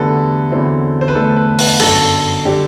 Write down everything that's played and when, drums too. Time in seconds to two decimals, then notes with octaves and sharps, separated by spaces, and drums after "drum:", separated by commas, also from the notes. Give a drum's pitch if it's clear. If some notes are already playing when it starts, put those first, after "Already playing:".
Already playing: E2 D3 G3 A3 B3 F#4 A4 B4
0.51 E2 D3 F#3 C4 E4
1.01 C5
1.08 B4
1.15 E2 D3 A3 A4
1.37 B4
1.59 B4, drum: open hi-hat
1.80 G1 F#2 D3 A4, drum: cymbal
2.45 D3 G3 D4 G4